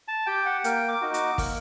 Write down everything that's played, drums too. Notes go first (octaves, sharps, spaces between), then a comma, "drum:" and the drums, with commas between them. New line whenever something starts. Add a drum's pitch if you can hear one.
A5
G4 G5
F#5
A#3 G5, drum: hi-hat
D6
D#4 F#4
D6, drum: hi-hat
A#3, drum: kick, open hi-hat